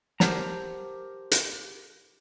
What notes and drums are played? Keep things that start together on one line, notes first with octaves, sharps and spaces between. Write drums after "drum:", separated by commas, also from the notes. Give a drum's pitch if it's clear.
G4 A#4 C5 F#5 A5 A#5, drum: snare
drum: hi-hat